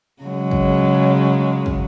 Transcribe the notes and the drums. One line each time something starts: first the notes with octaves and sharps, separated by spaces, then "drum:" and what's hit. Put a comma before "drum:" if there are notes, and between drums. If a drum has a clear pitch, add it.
C#3 F#3 G#3
drum: kick
drum: kick